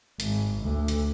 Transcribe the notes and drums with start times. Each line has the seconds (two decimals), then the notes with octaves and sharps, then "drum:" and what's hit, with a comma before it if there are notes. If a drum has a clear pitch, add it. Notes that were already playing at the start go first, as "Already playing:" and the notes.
0.20 G#1, drum: hi-hat
0.62 D2
0.88 drum: hi-hat